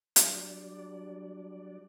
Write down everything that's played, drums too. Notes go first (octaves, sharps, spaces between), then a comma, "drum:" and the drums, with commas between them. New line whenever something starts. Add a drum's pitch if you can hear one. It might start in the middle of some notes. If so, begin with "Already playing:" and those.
F#3 G3 D4 D5, drum: hi-hat